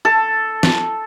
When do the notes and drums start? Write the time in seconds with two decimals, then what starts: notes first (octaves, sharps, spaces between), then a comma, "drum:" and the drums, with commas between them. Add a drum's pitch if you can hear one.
0.05 A4
0.63 drum: snare